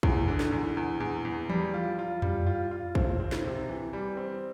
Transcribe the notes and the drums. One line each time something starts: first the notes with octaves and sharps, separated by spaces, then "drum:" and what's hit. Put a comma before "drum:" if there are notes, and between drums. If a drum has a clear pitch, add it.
E2, drum: kick
D3
drum: snare
E2
E2
E2
E2
G3, drum: tom E3
F4
F4
G3, drum: tom F2
F4
F4
C4, drum: kick
C4
drum: snare
C3
E3
G3
C4